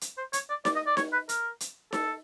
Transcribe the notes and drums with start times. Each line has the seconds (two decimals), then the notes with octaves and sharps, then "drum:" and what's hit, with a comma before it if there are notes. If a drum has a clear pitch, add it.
0.01 drum: hi-hat
0.17 C5
0.33 C#5, drum: hi-hat
0.49 D5
0.65 D5, drum: snare D#4
0.76 D#5
0.87 D5
0.97 C#5, drum: snare D#4
1.13 B4
1.29 A#4, drum: hi-hat
1.60 drum: hi-hat
1.93 A4, drum: snare D#4